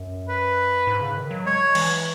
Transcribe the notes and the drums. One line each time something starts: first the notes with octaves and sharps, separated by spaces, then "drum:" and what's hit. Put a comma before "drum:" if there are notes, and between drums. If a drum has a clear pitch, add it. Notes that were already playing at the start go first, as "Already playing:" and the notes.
Already playing: F#2
B4
G#2
C#3
D#3
F#3
G#3 C#5
E3, drum: cymbal